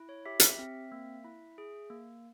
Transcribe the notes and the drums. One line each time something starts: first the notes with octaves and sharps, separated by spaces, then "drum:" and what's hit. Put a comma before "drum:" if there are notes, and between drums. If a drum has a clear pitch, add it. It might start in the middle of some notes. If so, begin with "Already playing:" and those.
Already playing: E4
C#5
G4 E5
drum: hi-hat
C4
A#3
E4
G#4
A#3